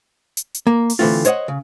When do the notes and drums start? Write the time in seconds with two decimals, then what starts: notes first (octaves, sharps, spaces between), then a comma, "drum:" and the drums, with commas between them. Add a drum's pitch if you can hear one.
0.37 drum: hi-hat
0.54 drum: hi-hat
0.67 A#3
0.90 drum: open hi-hat
0.99 D3 E3 A3 C4 F4
1.25 C5 C#5 D#5 F5 F#5, drum: hi-hat
1.48 C#3